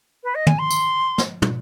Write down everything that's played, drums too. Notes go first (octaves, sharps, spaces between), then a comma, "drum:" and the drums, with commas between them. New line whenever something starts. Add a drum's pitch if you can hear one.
B4
D#5
G#5, drum: tom
C6
drum: tambourine
drum: snare
drum: tom